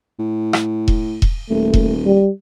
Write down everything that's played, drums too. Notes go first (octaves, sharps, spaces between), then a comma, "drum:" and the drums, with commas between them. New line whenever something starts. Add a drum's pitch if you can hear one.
A2
drum: rim click
drum: kick E1
drum: kick E1
D#1 A3
drum: kick E1
G3